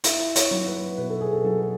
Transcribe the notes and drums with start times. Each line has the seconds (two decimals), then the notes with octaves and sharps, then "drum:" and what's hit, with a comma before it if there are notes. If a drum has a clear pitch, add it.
0.04 E4 E5, drum: hi-hat
0.36 C#5, drum: hi-hat
0.51 F#3
0.66 B4
0.98 B2 B4
1.10 A4
1.21 G#4
1.33 A4
1.44 F#3 A4